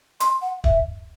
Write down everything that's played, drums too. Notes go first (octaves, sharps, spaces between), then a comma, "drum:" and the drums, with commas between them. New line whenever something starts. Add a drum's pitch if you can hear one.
C6, drum: hi-hat
F#5
E5, drum: kick